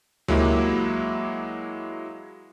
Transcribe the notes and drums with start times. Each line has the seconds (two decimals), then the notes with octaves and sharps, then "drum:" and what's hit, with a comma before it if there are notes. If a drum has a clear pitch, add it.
0.28 F#3 G#3 A#3 E4 G4, drum: tom D2